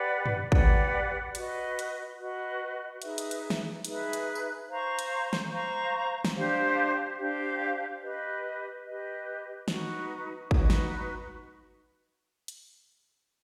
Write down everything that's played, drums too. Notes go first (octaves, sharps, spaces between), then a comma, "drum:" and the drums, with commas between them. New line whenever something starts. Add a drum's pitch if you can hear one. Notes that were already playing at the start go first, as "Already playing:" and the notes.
Already playing: G4 B4 D5 F#5
drum: tom
G4 B4 D5 F#5, drum: kick
F#4 B4 D#5, drum: hi-hat
drum: hi-hat
F#4 B4 D#5
D#4 G#4 B4 E5, drum: hi-hat
drum: hi-hat
drum: hi-hat
drum: snare
D#4 G#4 B4 E5, drum: hi-hat
drum: hi-hat
drum: tambourine
C5 F5 A#5 C#6
drum: hi-hat
drum: snare
C5 F5 A#5 C#6
drum: snare
D4 G4 C5 F5
D4 G4 C5 F5
G4 B4 D#5
G4 B4 D#5
D#4 F#4 B4, drum: snare
D#4 F#4 B4, drum: kick
drum: snare
drum: hi-hat